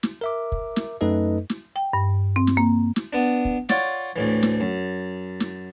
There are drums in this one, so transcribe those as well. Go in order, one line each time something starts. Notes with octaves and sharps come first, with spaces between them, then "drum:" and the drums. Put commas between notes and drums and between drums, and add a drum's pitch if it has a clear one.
drum: snare
A#4 E5 D6
drum: kick
drum: snare
F#2 A3 D#4 A4 B4 D#5
drum: snare
G5
G2
C4
drum: snare
A#3
drum: snare
B3 D4
drum: kick
F4 C#5 D5 F#5, drum: snare
D2 A2 E3
drum: snare
F#2
drum: snare